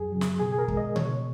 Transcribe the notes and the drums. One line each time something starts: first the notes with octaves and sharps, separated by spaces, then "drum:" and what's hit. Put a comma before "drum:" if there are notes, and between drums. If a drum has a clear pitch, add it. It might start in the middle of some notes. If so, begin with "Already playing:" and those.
Already playing: F#2 G#4
C#3 F#3
drum: snare
B2 G#4
G#4
A#4
G#3, drum: kick
D#5
B2 C#5, drum: tom C#3